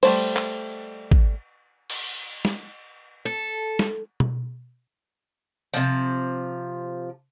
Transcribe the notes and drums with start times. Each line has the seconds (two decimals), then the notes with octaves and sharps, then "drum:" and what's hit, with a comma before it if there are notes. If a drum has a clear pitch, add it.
0.03 G3 A3 C5, drum: cymbal
0.36 drum: clap
1.11 drum: kick
1.90 drum: cymbal
2.45 drum: snare
3.25 A4
3.79 drum: snare
4.20 drum: tom B2
5.74 C3 F3, drum: tambourine